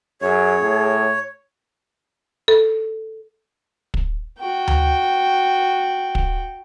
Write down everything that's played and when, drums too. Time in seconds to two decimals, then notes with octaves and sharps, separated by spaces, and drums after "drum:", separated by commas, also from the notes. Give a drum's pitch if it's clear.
0.22 F#2 G#4 C#5
0.62 A2
2.48 A4
3.94 drum: kick
4.39 F#4 G5
4.67 drum: tom D2
6.15 drum: kick